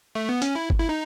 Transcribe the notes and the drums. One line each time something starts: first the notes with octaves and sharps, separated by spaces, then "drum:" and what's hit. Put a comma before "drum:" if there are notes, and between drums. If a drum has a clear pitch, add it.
A3
B3
C#4, drum: hi-hat
E4
drum: kick G1
E4
D#4